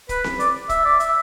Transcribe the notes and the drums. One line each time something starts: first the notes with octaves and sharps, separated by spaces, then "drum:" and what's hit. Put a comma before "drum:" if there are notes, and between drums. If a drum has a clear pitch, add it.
B4, drum: kick, hi-hat
drum: snare C4
D5, drum: hi-hat
E5, drum: kick, hi-hat
D5
E5, drum: hi-hat